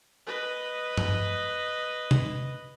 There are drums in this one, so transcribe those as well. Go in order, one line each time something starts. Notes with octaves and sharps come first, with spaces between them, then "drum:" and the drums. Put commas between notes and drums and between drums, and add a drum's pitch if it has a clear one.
B4 D#5
drum: tom G2
drum: tom C3